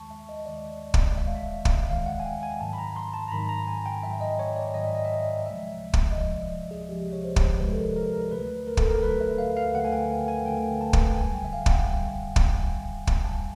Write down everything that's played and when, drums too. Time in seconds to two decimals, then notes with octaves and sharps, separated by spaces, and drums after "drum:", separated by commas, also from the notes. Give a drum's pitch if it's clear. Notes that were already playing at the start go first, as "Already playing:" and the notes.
Already playing: D#2 D#3 G#3 A5 C#6
0.11 E5
0.29 D#5
0.46 D#2 D#3 G#3 D5
0.94 drum: kick
1.18 D#2 D#3 G#3 E5
1.27 F5
1.35 E5
1.65 drum: kick
1.89 D#2 D#3 G#3 F5
2.06 F#5
2.20 G#5
2.25 G5
2.43 G#5
2.61 G#2 D#3 F#3 A5
2.73 B5
2.78 A#5
2.96 C6
3.14 A5
3.28 A#5
3.32 G#2 D#3 F#3 B5
3.49 A#5
3.68 G#5
3.86 G5
4.03 G#2 D#3 F#3 E5
4.21 D#5
4.39 C#5
4.56 D5
4.74 G#2 D#3 F#3 D#5
4.84 E5
4.95 D#5
5.05 E5
5.14 D#5
5.46 C#2 C3 F3 G#3 E5
5.94 drum: kick
6.11 D#5
6.17 C#2 C3 F3 G#3 D5
6.71 G#4
6.88 C#2 C3 F3 G#3 G4
7.13 C#5
7.24 C5
7.36 drum: kick
7.59 C#2 C3 F3 G#3 B4
7.73 A4
7.78 A#4
7.96 A#4
8.13 A#4
8.31 D2 D3 F#3 A3 B4
8.67 A#4
8.77 A4, drum: kick
8.89 A#4
9.03 D2 D3 F#3 A3 B4
9.21 E5
9.38 F5
9.57 F5
9.74 D2 D3 F#3 A3 F#5
9.85 G#5
9.92 G5
10.28 G#5
10.45 D2 D3 F#3 A3 G5
10.81 A5
10.93 drum: kick
11.13 G5
11.16 F2 D3 G3 G#5
11.35 G5
11.45 E5
11.53 F5
11.66 G5, drum: kick
11.70 F#5
11.89 F2 D3 G3
12.36 drum: kick
12.60 F2 D3 G3 G#5
13.07 drum: kick
13.24 A5
13.31 D3 G3 G#5